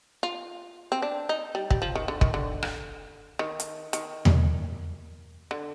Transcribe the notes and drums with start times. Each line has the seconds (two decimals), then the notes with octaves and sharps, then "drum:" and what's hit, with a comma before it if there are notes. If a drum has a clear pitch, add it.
0.23 F4
0.92 C4
1.02 D4
1.29 D#4
1.55 G3
1.70 G3, drum: kick
1.82 F3
1.95 D#3
2.08 D3
2.21 D#3, drum: kick
2.34 D3
2.63 drum: rim click
3.39 D#3
3.60 drum: hi-hat
3.93 D#3, drum: hi-hat
4.25 drum: tom E2
5.51 D3